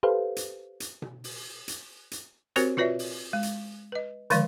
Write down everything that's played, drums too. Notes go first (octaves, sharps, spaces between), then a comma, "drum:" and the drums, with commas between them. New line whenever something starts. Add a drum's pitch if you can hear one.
G4 A4 B4 C5 F5
drum: hi-hat
drum: hi-hat
drum: tom B2
drum: open hi-hat
drum: hi-hat
drum: hi-hat
C4 F#4 G4 A#4 C5 C#5, drum: hi-hat
F4 F#4 B4 C#5 D5 E5, drum: tom B2
drum: open hi-hat
G#3
drum: hi-hat
B4 D#5
D3 D#3 F3 G#3 D5, drum: hi-hat